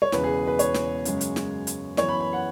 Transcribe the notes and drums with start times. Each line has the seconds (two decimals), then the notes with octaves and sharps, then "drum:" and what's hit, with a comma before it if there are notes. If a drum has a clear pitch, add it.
0.02 C#5
0.12 E1 E2 C#3 B4, drum: snare
0.24 G#4
0.47 B4
0.59 C#5, drum: hi-hat
0.74 drum: snare
1.05 F#2 C#3 G#3, drum: hi-hat
1.21 drum: hi-hat
1.36 drum: snare
1.67 drum: hi-hat
1.97 F#2 E3 B3 C#5, drum: snare
2.09 B5
2.20 B5
2.33 F#5